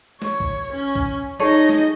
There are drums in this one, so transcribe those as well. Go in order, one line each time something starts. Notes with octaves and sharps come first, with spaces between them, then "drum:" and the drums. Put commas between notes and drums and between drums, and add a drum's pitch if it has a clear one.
C#5, drum: snare
drum: kick A#1
C#4
drum: kick A#1
D#4 G#4 A4 C#5 D#5
drum: snare